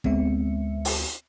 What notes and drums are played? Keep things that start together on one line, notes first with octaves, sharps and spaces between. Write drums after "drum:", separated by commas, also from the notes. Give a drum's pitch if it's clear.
D2 G#3 B3 C4 E5 C#7, drum: kick
drum: open hi-hat